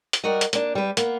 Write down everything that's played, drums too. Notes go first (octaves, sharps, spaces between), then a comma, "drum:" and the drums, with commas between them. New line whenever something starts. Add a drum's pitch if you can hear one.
drum: hi-hat
G3 F#4 A#4 D#5
drum: hi-hat
A#3 D4, drum: hi-hat
G3 B4
A#3 B3, drum: hi-hat